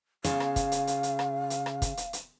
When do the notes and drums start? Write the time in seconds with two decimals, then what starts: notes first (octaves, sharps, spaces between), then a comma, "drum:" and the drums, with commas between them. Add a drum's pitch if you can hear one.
0.25 C#3 F5, drum: hi-hat
0.40 drum: rim click
0.56 drum: kick, hi-hat
0.72 drum: hi-hat
0.87 drum: hi-hat
1.03 drum: hi-hat
1.19 drum: rim click
1.50 drum: hi-hat
1.66 drum: rim click
1.82 drum: kick, hi-hat
1.97 drum: hi-hat
2.13 drum: hi-hat